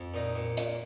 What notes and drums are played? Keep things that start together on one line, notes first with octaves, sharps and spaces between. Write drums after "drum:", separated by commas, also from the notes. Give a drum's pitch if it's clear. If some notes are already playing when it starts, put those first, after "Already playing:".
Already playing: F2
A#2 D#4
A#2
A#2, drum: hi-hat